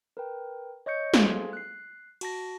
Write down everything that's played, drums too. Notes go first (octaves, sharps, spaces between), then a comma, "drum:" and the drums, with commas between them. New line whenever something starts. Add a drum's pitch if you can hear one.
A#4 B4 G5
C#5 D#5 C#6 G6 C#7
G#4 A4 C5 F5 C6 G#6, drum: snare
F#6 C7
F#4 A5 A#6, drum: cymbal